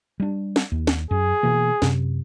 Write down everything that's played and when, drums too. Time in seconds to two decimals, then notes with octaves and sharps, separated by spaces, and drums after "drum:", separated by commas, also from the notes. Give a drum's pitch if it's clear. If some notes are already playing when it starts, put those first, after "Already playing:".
0.20 G3 D4
0.56 drum: snare
0.72 D#2
0.87 drum: snare
1.11 F#2 G#4
1.43 B2 E3 A#3
1.82 F#2 C3, drum: snare